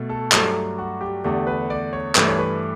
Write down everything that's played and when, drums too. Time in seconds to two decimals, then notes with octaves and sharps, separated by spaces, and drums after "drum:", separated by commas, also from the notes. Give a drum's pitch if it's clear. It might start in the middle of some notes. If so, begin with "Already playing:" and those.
Already playing: B2 A3
0.09 A4
0.32 G2 F#3 A3 A4, drum: clap
0.78 F#4
1.01 G4
1.24 E2 D3 A3 G4
1.47 B4
1.70 D5
1.93 C#5
2.15 G2 E3 A3 B4, drum: clap
2.28 C#5
2.38 B4